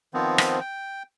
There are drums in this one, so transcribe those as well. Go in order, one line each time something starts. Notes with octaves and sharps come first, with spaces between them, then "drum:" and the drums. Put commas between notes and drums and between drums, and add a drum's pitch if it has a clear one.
D#3 F3 B3 C4
drum: rim click
G5